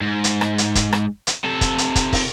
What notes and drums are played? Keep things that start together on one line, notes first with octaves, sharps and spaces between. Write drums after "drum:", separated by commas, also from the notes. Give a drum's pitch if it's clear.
G#2
drum: hi-hat
drum: rim click
drum: hi-hat
drum: kick, hi-hat
drum: rim click
drum: hi-hat
C3 A4
drum: kick, hi-hat
drum: hi-hat
drum: kick, hi-hat
drum: kick, open hi-hat